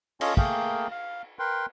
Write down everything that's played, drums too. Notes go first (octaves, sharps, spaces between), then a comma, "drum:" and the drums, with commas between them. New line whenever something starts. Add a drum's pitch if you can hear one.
C#4 F4 A4 C#5 D#5 F5, drum: cymbal
A3 A#3 G#4 A#4 F5 G5, drum: kick
F5
A#4 B4 G5 C6